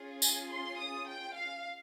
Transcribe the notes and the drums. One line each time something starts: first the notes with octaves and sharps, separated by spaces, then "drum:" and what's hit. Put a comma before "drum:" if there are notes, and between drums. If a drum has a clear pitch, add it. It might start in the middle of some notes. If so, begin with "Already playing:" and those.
Already playing: C#4 F4 G#4
G#5, drum: tambourine
C6
D#6
G5
F5